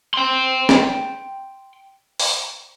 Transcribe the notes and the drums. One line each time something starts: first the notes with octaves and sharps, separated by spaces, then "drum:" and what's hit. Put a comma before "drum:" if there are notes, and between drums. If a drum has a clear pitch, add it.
G5 C6
drum: snare
drum: open hi-hat